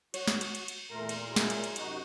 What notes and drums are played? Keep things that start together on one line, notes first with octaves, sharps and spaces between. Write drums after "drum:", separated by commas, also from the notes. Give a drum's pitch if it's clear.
F#4 C#5, drum: cymbal
drum: snare
drum: cymbal
drum: cymbal
drum: cymbal
E2 A#2 A3 A#4 A#5 C6
drum: cymbal
F#3 G#3 E4
drum: snare
drum: cymbal
drum: cymbal
F#2 C3 D#4 F#4, drum: cymbal